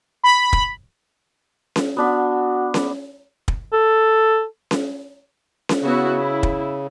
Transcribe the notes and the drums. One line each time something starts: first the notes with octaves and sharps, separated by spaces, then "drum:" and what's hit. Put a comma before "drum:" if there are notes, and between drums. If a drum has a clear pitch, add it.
B5
drum: kick
drum: snare C#4
B3 D4 F#4 B5
drum: snare C#4
drum: kick
A4
drum: snare C#4
drum: snare C#4
C#3 B3 E4 F#4
E4
drum: kick